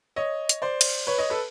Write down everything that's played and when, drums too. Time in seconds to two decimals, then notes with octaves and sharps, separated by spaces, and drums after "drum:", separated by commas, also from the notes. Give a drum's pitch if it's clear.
0.16 C#5 D#5
0.49 drum: hi-hat
0.62 C5 D5
0.81 drum: cymbal
1.07 B4 C#5
1.18 C#5 D#5
1.30 A4 B4